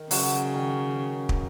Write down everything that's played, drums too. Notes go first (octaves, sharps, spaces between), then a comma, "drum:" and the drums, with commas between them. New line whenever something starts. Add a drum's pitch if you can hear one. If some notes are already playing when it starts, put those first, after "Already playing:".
Already playing: D#3
C#3 F#3, drum: open hi-hat
D#3
drum: kick